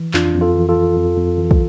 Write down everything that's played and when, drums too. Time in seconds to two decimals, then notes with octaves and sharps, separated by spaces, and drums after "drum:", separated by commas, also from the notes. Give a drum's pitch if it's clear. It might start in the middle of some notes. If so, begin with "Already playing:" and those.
Already playing: E3
0.14 F2 D4 F4, drum: clap
0.35 F2
0.41 F4 A4
0.54 E3
0.69 F4 A4
0.76 F2
0.96 F2
1.17 F2
1.38 E3
1.51 drum: kick